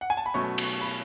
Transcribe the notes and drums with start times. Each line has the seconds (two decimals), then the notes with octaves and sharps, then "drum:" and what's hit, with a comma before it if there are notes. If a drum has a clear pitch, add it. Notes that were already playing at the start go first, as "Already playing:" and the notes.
0.01 F#5
0.10 G#5
0.17 A5
0.26 B5
0.34 B2 F#3 A3 C#4 C#6
0.58 drum: cymbal
0.81 B5